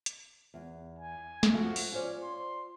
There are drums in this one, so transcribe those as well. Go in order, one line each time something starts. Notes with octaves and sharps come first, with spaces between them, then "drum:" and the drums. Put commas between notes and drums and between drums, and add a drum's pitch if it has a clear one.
drum: hi-hat
E2
G#5
drum: snare
F3 A3 F4 F#4
drum: open hi-hat
C#4 F4 C5 D5
C6